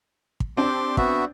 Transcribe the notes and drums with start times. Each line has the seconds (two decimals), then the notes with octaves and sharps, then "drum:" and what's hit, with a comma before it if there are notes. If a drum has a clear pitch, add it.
0.40 drum: kick
0.57 C4 D4 G4 C6 D6
0.97 B3 F#4 E5, drum: kick